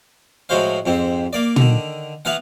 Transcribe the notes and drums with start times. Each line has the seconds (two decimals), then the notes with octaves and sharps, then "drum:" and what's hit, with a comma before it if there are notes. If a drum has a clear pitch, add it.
0.49 A2 F3 G#3 F#4 C5 F5
0.86 F2 G#2 C4
1.33 A#3 D5
1.56 D3 D#3, drum: tom
2.25 E3 B3 F5 F#5